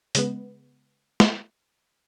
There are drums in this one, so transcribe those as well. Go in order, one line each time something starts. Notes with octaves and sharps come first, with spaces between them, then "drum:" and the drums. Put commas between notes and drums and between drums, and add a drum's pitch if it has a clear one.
C#3 G#3 B3, drum: hi-hat
drum: snare